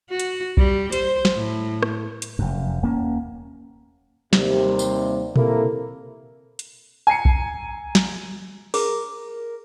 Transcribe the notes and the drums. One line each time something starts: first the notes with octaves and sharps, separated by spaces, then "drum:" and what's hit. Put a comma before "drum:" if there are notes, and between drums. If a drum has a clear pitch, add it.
F#4
drum: hi-hat
G3, drum: kick B1
C5, drum: hi-hat
drum: snare
A2
drum: rim click
drum: hi-hat
F1 F#2
D#1 A#3 C#4
D#2 C3 G3, drum: snare
drum: tambourine
C3 A#3 E4 A4 A#4, drum: tom A#2
drum: hi-hat
G#5 A#5 C7 C#7
drum: kick B1
drum: snare
G#4 A#4, drum: open hi-hat